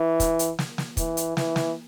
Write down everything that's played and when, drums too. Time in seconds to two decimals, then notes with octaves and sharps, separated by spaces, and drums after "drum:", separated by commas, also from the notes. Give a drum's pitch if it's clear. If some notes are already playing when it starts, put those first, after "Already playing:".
Already playing: E3
0.20 drum: kick, hi-hat
0.39 drum: hi-hat
0.59 drum: snare
0.78 drum: snare
0.97 E3, drum: kick, hi-hat
1.17 drum: hi-hat
1.37 E3, drum: snare
1.56 drum: snare